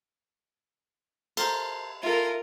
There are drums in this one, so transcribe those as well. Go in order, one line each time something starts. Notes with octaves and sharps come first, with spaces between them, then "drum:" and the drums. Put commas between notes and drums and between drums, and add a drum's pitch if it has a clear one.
A4 A#4 C5, drum: cymbal
E4 F4 A4 A#4